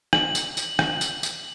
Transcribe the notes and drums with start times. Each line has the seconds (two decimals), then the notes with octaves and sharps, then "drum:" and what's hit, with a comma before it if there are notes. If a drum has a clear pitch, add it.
0.13 F#7, drum: rim click
0.35 drum: tambourine
0.57 drum: tambourine
0.79 drum: rim click
1.01 drum: tambourine
1.23 drum: tambourine